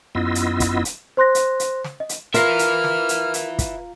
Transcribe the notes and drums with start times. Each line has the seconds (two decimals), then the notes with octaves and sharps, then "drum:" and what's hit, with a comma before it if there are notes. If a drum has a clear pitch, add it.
0.15 F#2 B3 E4 F4 D#5 E6
0.35 drum: hi-hat
0.60 drum: kick, hi-hat
0.85 drum: hi-hat
1.17 C5 C6 F#6 A#6
1.35 drum: hi-hat
1.60 drum: hi-hat
1.84 drum: snare
2.00 D#5
2.09 drum: hi-hat
2.34 F4 A#4 B4 E5 F5 A#5 F6, drum: hi-hat
2.59 drum: hi-hat
2.84 drum: snare
3.09 drum: hi-hat
3.34 drum: hi-hat
3.59 drum: kick, hi-hat